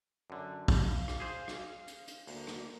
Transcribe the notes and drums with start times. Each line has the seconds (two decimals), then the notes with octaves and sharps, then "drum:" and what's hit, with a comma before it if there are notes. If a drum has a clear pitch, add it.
0.30 F#2 D3
0.68 drum: kick, open hi-hat
0.84 F5
1.08 drum: rim click
1.20 G#4 C5
1.48 drum: rim click
1.88 drum: hi-hat
2.08 drum: hi-hat
2.27 D2 A#3, drum: open hi-hat
2.47 drum: rim click